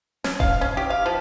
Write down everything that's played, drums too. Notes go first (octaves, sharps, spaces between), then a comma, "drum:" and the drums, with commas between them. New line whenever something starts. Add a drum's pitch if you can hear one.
C#4, drum: snare
F5, drum: kick D#1
C#4
G4
F5
F3